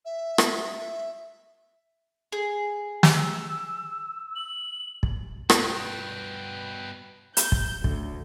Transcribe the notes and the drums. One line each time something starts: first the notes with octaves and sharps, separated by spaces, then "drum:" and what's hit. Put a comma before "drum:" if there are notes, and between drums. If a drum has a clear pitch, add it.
E5
drum: rim click
G#4
drum: snare
E6
F#7
drum: kick
G2 B2 B4 G5, drum: rim click
G6, drum: hi-hat
drum: kick
D2, drum: kick